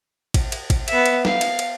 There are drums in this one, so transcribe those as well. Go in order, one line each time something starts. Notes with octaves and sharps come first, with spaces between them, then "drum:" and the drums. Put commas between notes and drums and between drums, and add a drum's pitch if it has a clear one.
drum: kick A1, cymbal
drum: cymbal
drum: kick A1, cymbal
B3 E5, drum: cymbal
drum: cymbal
F5, drum: snare
drum: cymbal
drum: cymbal